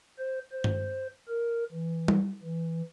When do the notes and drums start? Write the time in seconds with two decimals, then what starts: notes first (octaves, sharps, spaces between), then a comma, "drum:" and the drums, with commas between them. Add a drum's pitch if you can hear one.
0.19 C5
0.52 C5
0.64 drum: tom G2
1.28 A#4
1.72 E3
2.08 drum: tom G3
2.44 E3